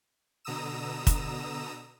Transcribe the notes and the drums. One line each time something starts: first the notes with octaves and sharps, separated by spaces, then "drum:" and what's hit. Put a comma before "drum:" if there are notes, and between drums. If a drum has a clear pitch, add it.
B2 D3 A#5 D#6 E6 E7
drum: kick, hi-hat